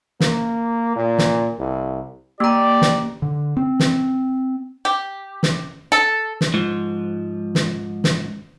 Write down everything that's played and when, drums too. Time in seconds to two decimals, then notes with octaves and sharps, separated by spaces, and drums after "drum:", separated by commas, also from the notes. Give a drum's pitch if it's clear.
0.20 A#3, drum: snare
0.96 A#2
1.18 drum: snare
1.59 C2
2.40 A#3 G4 D5 A#5
2.82 drum: snare
3.22 D3
3.57 C4
3.80 drum: snare
4.85 G4
5.43 drum: snare
5.92 A4
6.41 drum: snare
6.54 G#2 F3
7.55 drum: snare
8.04 drum: snare